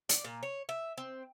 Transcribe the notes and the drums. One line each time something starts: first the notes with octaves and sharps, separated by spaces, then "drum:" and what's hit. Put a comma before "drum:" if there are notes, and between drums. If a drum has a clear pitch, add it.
D5, drum: hi-hat
A#2
C#5
E5
C4